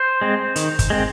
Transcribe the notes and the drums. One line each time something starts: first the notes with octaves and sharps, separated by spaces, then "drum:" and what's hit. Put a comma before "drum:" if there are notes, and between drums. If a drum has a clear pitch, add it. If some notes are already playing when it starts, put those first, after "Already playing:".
Already playing: C5
G#3 C4
D#3, drum: hi-hat
drum: kick, hi-hat
G#3 C4